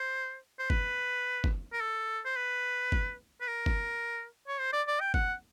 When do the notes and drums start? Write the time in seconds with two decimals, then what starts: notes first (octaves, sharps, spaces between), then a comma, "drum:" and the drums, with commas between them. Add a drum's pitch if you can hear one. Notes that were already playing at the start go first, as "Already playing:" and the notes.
Already playing: C5
0.59 C5
0.70 B4, drum: kick
1.44 drum: kick
1.73 A#4
1.81 A4
2.25 C5
2.36 B4
2.92 drum: kick
3.41 B4
3.47 A#4
3.66 drum: kick
4.48 C#5
4.59 C5
4.73 D5
4.87 D5
5.00 G5
5.14 F#5, drum: kick